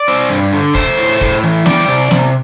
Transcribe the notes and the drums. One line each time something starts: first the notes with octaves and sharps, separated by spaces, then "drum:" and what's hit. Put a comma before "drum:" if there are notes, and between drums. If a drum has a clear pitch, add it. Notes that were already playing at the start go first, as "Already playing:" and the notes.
Already playing: D5
C4
G2
D3
A3 C5, drum: kick
A2
A2, drum: kick
E3
G3 D5, drum: snare
C3
C3, drum: snare